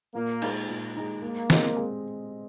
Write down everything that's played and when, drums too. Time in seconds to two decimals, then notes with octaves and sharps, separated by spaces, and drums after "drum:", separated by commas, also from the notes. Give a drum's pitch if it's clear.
0.15 A#2 A#3
0.42 G#3 D#4, drum: cymbal
0.69 A#2
0.96 G#3 D#4
1.23 G#3 A#3
1.50 C4 G#4 D#5, drum: snare
1.77 G#3